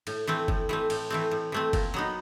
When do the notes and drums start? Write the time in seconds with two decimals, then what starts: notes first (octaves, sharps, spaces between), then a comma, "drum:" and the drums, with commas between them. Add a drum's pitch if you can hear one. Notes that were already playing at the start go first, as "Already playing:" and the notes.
0.07 A2, drum: cymbal
0.27 E3 A3 C4
0.48 A2, drum: kick F#1
0.69 E3 A3 C4
0.90 A2, drum: cymbal
1.10 E3 A3 C4
1.31 A2
1.52 E3 A3 C4
1.73 A#2, drum: kick F#1, cymbal
1.94 F#3 B3 D#4